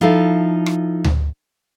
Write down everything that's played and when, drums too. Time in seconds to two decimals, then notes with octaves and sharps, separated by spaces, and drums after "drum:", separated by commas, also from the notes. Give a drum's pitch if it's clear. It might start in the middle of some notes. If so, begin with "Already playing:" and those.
0.01 F3 D#4 E4 A4 F5
0.66 drum: rim click
1.04 drum: tom D2